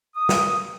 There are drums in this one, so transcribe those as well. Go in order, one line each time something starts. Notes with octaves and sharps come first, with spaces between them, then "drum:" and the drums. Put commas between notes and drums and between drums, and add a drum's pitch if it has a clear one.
D#6
drum: snare